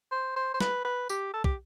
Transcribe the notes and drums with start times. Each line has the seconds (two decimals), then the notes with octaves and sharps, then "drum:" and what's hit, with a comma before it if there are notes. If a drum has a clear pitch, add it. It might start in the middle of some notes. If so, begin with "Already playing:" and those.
0.12 C5
0.36 C5
0.54 C5
0.60 B4, drum: snare
0.85 B4
1.09 G4, drum: tambourine
1.33 A4
1.44 G4, drum: kick